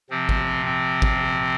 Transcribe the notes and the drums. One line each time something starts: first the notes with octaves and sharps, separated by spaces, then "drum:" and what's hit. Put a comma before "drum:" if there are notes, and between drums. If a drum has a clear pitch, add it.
C3 F3 C4
drum: kick G#1
C4
drum: kick G#1